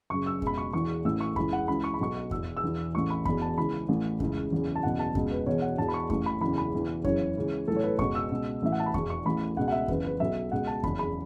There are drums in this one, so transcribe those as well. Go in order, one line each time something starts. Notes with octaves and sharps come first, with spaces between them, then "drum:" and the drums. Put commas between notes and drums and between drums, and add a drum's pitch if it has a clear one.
F#1 F#2 C#3 C#6
E6
C#2 B2 B5, drum: kick F2
C#6
E1 E2 E3 C#6
A1 A2 E3 E6
C#6
C#2 C#3 E3 B5, drum: kick F2
F#5
C#2 C#3 E3 B5
C#6
B5
B1 B2 C#6
E1 E2 E3 E6, drum: kick F2
E6
E1 E2 E3
A1 A2 E3 C#6
B5
E1 E2 B2 B5, drum: kick F2
A5
C#2 C#3 E3 B5
A1 A2 E3
C#2 C#3 E3, drum: kick F2
F#1 E2 C#3 E3
A5
F#1 E2 B2 F#5
A5
C#2 B2, drum: kick F2
B4
E1 E2 B2 C#5
F#5
E1 E2 B2 A5
B5
C#6
A1 A2 E3 C#6, drum: kick F2
B5
F#1 E2 C#3 E3 B5
B5
E1 E2 C#3 E3
F#1 F#2 C#3 E3 C#5, drum: kick F2
C#2 C#3 E3
B1 A2 E3 A4
C#5
B4
C#2 B2 C#6, drum: kick F2
E6
C#2 B2
A1 A2 E3 E5
F#5
A5
B5
E1 E2 E3 C#6, drum: kick F2
C#6
A1 A2 E3 B5
C#2 B2 F#5
F#5
E5
F#1 E2 E3 B4, drum: kick F2
B4
B1 B2 E5
C#2 B2 F#5
A5
F#1 E2 C#3 B5, drum: kick F2
B5